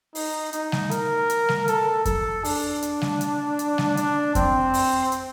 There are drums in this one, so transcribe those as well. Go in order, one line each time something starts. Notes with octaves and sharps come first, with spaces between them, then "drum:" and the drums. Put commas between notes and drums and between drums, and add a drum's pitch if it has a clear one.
D#4, drum: open hi-hat
D#4, drum: hi-hat
drum: snare G3
A#4, drum: hi-hat
drum: hi-hat
drum: snare G3
A4, drum: hi-hat
A4, drum: kick F2, hi-hat
D4, drum: open hi-hat
drum: hi-hat
drum: snare G3
drum: hi-hat
drum: hi-hat
drum: snare G3
D4, drum: hi-hat
C4, drum: kick F2, hi-hat
drum: open hi-hat
drum: hi-hat